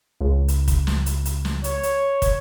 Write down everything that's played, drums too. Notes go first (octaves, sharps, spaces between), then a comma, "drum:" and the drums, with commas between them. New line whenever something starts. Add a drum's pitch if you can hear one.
C#2
drum: hi-hat
drum: kick, hi-hat
drum: snare
drum: hi-hat
drum: hi-hat
drum: snare
C#5, drum: hi-hat
drum: hi-hat
drum: kick, hi-hat